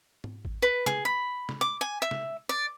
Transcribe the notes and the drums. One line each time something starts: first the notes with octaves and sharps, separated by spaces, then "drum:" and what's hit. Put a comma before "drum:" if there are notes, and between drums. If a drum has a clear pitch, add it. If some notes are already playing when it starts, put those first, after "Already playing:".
drum: tom G#2
drum: kick G#1
B4
G#4, drum: snare
B5
drum: snare
D6
G#5
E5
drum: snare
D5